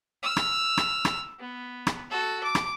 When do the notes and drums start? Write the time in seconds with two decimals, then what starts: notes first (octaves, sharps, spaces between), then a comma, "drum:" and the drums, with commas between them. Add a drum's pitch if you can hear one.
0.23 E6 F6
0.37 drum: rim click
0.77 drum: rim click
1.05 drum: rim click
1.39 B3
1.87 drum: rim click
2.11 F#4 A4
2.44 D6
2.55 drum: rim click